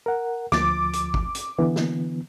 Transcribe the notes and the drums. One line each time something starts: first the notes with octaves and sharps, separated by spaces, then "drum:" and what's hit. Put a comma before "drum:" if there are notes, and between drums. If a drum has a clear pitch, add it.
A#4 F#5
D2 F3 D6 A6, drum: snare
drum: hi-hat
drum: kick
drum: hi-hat
D3 E3 B3
drum: snare